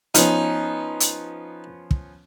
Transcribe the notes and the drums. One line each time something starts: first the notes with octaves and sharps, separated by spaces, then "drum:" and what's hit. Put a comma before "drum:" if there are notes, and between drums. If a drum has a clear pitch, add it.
F3 B3 C#4 D#4, drum: hi-hat
drum: hi-hat
drum: kick